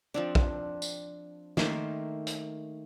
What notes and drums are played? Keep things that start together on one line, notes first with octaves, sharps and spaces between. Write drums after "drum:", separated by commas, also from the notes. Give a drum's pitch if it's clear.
F3 C4 D4
drum: kick
drum: tambourine
D#3 A3 A#3 C5, drum: snare
drum: hi-hat